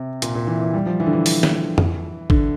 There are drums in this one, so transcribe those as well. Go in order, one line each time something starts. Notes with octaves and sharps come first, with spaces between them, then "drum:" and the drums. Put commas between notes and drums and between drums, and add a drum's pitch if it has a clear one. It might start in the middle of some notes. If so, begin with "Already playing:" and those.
Already playing: C3
A#2, drum: hi-hat
A#2
E3
E3
G3
F3
E3
D3
E3
drum: open hi-hat
drum: snare
drum: tom F2
D3, drum: kick